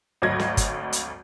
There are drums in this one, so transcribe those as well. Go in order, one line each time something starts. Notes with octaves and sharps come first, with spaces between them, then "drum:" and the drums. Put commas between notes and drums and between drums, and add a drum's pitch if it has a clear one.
G#1 D2 F#3 D#5 G#6 A#6
drum: snare
drum: kick G1, hi-hat
drum: hi-hat